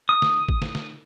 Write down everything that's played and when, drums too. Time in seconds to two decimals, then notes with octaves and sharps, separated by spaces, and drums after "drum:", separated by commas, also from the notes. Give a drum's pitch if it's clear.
0.09 D#6
0.22 drum: snare
0.48 drum: kick G#1
0.62 drum: snare
0.75 drum: snare